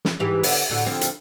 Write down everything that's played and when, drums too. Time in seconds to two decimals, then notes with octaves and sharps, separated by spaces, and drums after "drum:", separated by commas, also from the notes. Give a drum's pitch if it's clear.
0.05 drum: snare
0.20 G#2 E3 G4
0.43 D3 B3, drum: open hi-hat
0.70 A2 D3 F#4
0.86 D3 F3 C4
1.01 drum: hi-hat